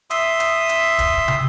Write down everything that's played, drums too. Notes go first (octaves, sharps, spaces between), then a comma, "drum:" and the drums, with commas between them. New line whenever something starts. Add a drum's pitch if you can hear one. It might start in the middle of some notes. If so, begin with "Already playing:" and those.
E5 C6 D#6, drum: hi-hat
drum: hi-hat
drum: hi-hat
drum: kick, hi-hat
drum: tom